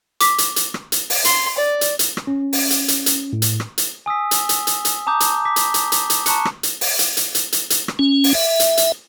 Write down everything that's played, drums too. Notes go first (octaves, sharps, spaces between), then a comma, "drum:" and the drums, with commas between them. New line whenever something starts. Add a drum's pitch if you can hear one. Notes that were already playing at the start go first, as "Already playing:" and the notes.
D6 B6, drum: hi-hat
drum: hi-hat
drum: hi-hat
drum: rim click
drum: hi-hat
drum: open hi-hat
C6, drum: hi-hat
D5
drum: hi-hat
drum: hi-hat
drum: rim click
C#4
drum: open hi-hat
drum: hi-hat
drum: hi-hat
drum: hi-hat
A2
drum: hi-hat
drum: rim click
drum: hi-hat
G#5 D#6 E6 B6
drum: hi-hat
drum: hi-hat
drum: hi-hat
drum: hi-hat
A5 A#5 D6 D#6 G6
drum: hi-hat
D6 B6
drum: hi-hat
drum: hi-hat
drum: hi-hat
drum: hi-hat
A5 A#5 C#6 F#6 C#7, drum: hi-hat
drum: rim click
drum: hi-hat
drum: open hi-hat
drum: hi-hat
drum: hi-hat
drum: hi-hat
drum: hi-hat
drum: hi-hat
drum: rim click
C#4
drum: open hi-hat
E5
drum: hi-hat
drum: hi-hat